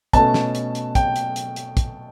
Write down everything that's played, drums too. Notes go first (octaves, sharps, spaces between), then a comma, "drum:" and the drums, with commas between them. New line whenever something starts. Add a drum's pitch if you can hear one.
B2 A3 C#4 A5, drum: kick, hi-hat
drum: snare
drum: hi-hat
drum: hi-hat
G5, drum: kick, hi-hat
drum: hi-hat
drum: hi-hat
drum: hi-hat
drum: kick, hi-hat